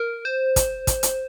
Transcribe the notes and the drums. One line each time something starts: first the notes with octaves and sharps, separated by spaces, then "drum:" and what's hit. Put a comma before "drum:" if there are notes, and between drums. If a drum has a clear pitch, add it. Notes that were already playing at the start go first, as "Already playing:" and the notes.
Already playing: A#4
C5
drum: kick, hi-hat
drum: kick, hi-hat
drum: hi-hat